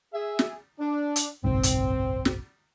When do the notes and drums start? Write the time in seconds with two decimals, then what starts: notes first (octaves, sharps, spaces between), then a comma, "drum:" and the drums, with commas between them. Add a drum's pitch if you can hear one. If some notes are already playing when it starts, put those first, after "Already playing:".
0.13 G#4 E5
0.39 drum: snare
0.79 D4
1.16 drum: hi-hat
1.44 F#1 B1 G#2 C4
1.63 drum: hi-hat
2.25 drum: snare